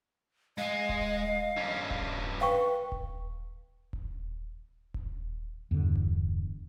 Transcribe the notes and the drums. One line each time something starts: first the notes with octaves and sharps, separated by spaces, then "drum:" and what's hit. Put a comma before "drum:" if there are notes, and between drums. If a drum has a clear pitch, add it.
G#3 D#5 F5 G#5
drum: kick D#1
G2 C#4
drum: kick D#1
B4 F5 G5 C#6
drum: kick D#1
drum: kick D#1
drum: kick D#1
E2 G2 D3
drum: kick D#1